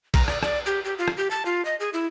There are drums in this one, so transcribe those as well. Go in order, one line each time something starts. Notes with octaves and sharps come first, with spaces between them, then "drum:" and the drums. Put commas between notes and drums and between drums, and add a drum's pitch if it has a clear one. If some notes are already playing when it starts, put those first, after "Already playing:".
A#5, drum: kick A#1, cymbal
D5, drum: rim click
D5, drum: rim click
G4
G4
F4
drum: rim click
G4
A5
F4
D#5
G#4
E4